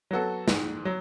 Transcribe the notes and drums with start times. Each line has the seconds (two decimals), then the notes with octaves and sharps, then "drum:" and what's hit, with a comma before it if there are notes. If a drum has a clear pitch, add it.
0.11 F#3 B3 F#4 A4
0.48 G#2, drum: snare
0.85 F#3